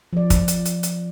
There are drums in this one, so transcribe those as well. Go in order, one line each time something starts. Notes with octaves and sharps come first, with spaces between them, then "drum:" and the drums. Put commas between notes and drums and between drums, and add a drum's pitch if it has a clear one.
F3 D5
drum: kick, hi-hat
drum: hi-hat
drum: hi-hat
drum: hi-hat